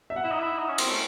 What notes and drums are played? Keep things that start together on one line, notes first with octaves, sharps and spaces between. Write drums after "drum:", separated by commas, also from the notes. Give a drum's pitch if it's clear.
E5
F#5
E4
D#4
E4
D#4
C#4
C4, drum: cymbal
A3